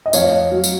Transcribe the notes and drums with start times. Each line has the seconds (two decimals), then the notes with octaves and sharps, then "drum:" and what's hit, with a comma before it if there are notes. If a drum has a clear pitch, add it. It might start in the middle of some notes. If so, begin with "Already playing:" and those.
0.06 D#5
0.13 F2 C#5 F5, drum: tambourine
0.51 F#3
0.64 drum: tambourine